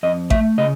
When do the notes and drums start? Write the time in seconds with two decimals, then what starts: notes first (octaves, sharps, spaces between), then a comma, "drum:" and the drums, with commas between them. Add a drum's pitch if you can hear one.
0.03 F2 D#5
0.30 A3 E5, drum: kick A1
0.58 C#3 D#5